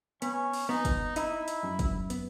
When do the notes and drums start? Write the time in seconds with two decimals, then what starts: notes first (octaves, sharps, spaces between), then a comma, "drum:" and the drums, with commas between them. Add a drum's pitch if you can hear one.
0.22 B3 C#4, drum: hi-hat
0.53 drum: open hi-hat
0.69 B3 D#4
0.85 drum: kick, hi-hat
1.16 D#4 E4, drum: hi-hat
1.48 drum: hi-hat
1.63 F#2
1.79 drum: kick, hi-hat
2.10 B3, drum: hi-hat